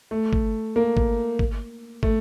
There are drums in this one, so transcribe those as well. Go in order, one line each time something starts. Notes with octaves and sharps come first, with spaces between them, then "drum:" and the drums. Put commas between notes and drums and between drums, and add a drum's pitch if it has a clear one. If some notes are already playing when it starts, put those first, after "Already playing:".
A3
drum: kick
A#3
drum: kick
drum: kick
A3, drum: kick